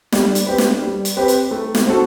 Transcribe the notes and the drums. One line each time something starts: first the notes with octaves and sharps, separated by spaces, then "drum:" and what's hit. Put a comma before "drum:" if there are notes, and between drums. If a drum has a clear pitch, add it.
G3, drum: snare
drum: hi-hat
C4 G4 B4
drum: snare
G3
drum: hi-hat
C4 G4 B4
drum: hi-hat
A3
drum: snare
C4 F#4 A4